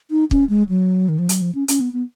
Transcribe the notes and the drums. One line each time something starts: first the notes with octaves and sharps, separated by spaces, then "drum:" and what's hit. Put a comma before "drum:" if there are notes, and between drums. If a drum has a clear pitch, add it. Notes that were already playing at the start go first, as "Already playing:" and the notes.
D#4
C#4, drum: kick
G#3
F#3
D#3
F3
F#3, drum: hi-hat
F3
C#4
C#4, drum: hi-hat
B3
B3